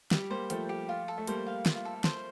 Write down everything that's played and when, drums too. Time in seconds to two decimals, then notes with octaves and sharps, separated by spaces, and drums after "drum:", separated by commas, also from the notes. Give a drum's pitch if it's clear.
0.11 G3 G4, drum: snare
0.30 G3 A#3 C5
0.50 F3 A3 G5, drum: hi-hat
0.69 G4
0.89 F4
1.08 A4
1.18 A3
1.27 G3 A#3 C5, drum: hi-hat
1.47 F5
1.66 F4, drum: snare
1.85 A4
2.04 C5, drum: snare